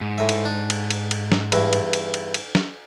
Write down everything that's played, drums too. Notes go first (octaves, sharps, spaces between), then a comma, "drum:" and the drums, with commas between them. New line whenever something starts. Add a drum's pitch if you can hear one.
G#2
A2 E5
drum: cymbal
D4
drum: cymbal
drum: cymbal
drum: cymbal
drum: snare
E2 G2 E3, drum: cymbal
drum: cymbal
drum: cymbal
drum: cymbal
drum: cymbal
drum: snare